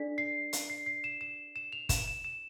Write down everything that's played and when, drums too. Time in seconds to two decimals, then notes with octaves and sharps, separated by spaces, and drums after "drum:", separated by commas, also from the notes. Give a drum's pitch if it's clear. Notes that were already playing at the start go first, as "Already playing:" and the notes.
Already playing: D4 A4 D5 B6
0.18 C7
0.53 drum: hi-hat
0.70 C7
0.86 C7
1.04 E7
1.21 E7
1.56 E7
1.73 F7
1.89 E7, drum: kick, hi-hat
2.08 E7
2.24 E7